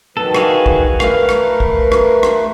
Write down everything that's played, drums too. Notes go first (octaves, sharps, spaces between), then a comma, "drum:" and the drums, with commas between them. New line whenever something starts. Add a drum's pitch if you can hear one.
D#3 F#3 A4 B4
F#4 G#4 F5, drum: rim click
drum: kick
A3 A#4 B4 F5 F6, drum: rim click
drum: rim click
drum: kick
drum: rim click
drum: rim click